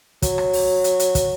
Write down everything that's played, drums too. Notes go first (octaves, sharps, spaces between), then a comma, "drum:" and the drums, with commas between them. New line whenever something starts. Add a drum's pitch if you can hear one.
F#3, drum: kick, hi-hat
drum: rim click
drum: open hi-hat
drum: hi-hat
drum: hi-hat
drum: kick, hi-hat